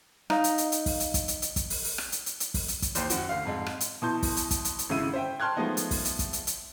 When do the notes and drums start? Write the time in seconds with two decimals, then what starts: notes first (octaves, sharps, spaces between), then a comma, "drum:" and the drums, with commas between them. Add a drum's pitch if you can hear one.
0.30 D#4 F5, drum: rim click
0.44 drum: hi-hat
0.58 drum: hi-hat
0.72 drum: hi-hat
0.86 drum: kick, open hi-hat
1.00 drum: hi-hat
1.14 drum: kick, hi-hat
1.28 drum: hi-hat
1.42 drum: hi-hat
1.56 drum: kick, hi-hat
1.70 drum: open hi-hat
1.84 drum: open hi-hat
1.98 drum: rim click
2.12 drum: hi-hat
2.26 drum: hi-hat
2.40 drum: hi-hat
2.54 drum: kick, open hi-hat
2.68 drum: hi-hat
2.82 drum: kick, hi-hat
2.95 D#2 C5 G5, drum: hi-hat
3.10 F#2 F#4, drum: hi-hat
3.29 D2 F5
3.45 F2 G#2 G#3
3.66 drum: rim click
3.80 drum: hi-hat
4.02 B2 E3 A5 C6 G6
4.23 drum: kick, open hi-hat
4.37 drum: hi-hat
4.51 drum: kick, hi-hat
4.65 drum: hi-hat
4.79 drum: hi-hat
4.89 G#1 C#3 G#3 E4 E6 D#7
5.14 C5 E5 G5
5.40 G5 A5 C6 F6 F#6 G#6
5.57 F3 G#3 A3 B3 D#4
5.77 drum: hi-hat
5.91 drum: kick, open hi-hat
6.05 drum: hi-hat
6.19 drum: kick, hi-hat
6.33 drum: hi-hat
6.47 drum: hi-hat